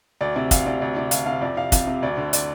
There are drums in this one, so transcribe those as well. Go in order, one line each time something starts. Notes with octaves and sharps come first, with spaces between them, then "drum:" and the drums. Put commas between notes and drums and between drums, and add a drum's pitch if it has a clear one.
D2 D5
C3 D5
D2 F5, drum: kick, hi-hat
C3 D5
D2 D5
C3 D5
D2 F5, drum: hi-hat
C3 F5
F2 D5
C3 F5
F2 F5, drum: kick, hi-hat
C3
D2 D5
D3
D5, drum: hi-hat